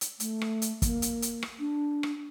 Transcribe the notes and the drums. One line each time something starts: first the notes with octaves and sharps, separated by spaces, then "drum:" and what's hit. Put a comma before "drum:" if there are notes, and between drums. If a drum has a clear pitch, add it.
drum: hi-hat
A3, drum: hi-hat
drum: rim click
drum: hi-hat
A#3, drum: kick, hi-hat
drum: hi-hat
drum: hi-hat
drum: rim click
D4
drum: rim click